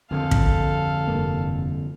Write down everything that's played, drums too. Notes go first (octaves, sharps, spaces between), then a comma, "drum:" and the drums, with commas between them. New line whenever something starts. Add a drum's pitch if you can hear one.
F2 D3 F3 A4 F5
drum: kick
F1 G2 A#3